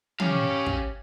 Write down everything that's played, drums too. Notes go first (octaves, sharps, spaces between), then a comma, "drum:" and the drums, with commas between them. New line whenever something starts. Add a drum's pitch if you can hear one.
C#4 G4 C#5 F5, drum: tom
drum: kick